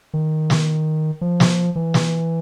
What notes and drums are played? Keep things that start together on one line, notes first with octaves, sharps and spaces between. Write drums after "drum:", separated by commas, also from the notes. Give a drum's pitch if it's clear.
D#3
drum: snare
F3
drum: snare
E3
drum: snare